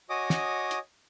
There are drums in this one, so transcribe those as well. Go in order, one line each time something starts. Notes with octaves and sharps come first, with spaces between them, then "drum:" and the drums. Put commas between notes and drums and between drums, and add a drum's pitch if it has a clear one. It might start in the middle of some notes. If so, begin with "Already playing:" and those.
F#4 C#5 D#5 G#5 D6 D#6
drum: snare
drum: hi-hat